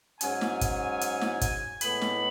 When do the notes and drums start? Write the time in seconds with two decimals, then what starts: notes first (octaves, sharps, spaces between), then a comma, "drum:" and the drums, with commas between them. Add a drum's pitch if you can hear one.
0.21 G#2 F#3 C#4 G#5, drum: hi-hat
0.41 drum: snare
0.61 drum: kick, hi-hat
1.01 drum: hi-hat
1.21 drum: snare
1.41 drum: kick, hi-hat
1.81 A2 G#3 B3 B5, drum: hi-hat
2.01 drum: snare